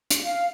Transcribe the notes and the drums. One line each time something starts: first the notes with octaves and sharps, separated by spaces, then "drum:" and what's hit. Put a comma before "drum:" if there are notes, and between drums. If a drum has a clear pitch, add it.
drum: hi-hat
F5